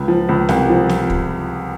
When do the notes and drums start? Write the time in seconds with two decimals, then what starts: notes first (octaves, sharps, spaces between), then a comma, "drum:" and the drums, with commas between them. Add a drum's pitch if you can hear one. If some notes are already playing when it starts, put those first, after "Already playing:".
Already playing: C#2
0.08 F3
0.29 C#2
0.49 C2, drum: snare
0.69 F3
0.89 drum: snare
1.10 drum: kick